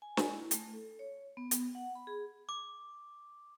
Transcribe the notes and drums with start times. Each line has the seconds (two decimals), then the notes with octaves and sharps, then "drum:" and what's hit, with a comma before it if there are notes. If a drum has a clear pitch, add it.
0.02 G#5
0.17 G#5, drum: snare
0.32 E4
0.51 A3, drum: hi-hat
0.73 A4
0.99 C#5
1.37 B3
1.51 drum: hi-hat
1.75 F#5
1.95 B5
2.07 G#4
2.49 D6